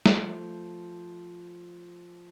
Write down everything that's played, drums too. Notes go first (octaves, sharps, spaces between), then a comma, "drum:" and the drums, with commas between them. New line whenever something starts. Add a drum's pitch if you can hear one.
F3 A3, drum: snare